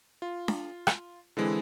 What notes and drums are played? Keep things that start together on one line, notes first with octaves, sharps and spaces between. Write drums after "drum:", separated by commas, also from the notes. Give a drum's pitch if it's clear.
F4
drum: snare D4
drum: rim click
D3 E3 G#3 C4 E4